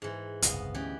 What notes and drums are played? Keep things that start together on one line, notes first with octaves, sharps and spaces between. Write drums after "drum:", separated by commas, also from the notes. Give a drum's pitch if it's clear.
G#2 E3
F#1 C2 B3 D#5 F5, drum: hi-hat
D2 E3 B3 C#4 G4